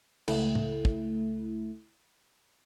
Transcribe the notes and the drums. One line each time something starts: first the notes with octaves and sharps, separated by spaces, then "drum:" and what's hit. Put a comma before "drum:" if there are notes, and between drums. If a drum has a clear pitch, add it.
C#2 A3 E4, drum: cymbal
drum: tom A2
drum: kick